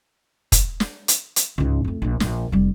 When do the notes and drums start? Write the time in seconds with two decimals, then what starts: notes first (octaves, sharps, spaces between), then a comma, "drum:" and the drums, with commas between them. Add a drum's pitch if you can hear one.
0.52 drum: kick, hi-hat
0.80 drum: snare
1.08 drum: hi-hat
1.36 drum: hi-hat
1.58 C#2 G#2
1.84 F2 A3
2.02 A#1 D4
2.20 A#1 A#2, drum: snare
2.52 F1 G3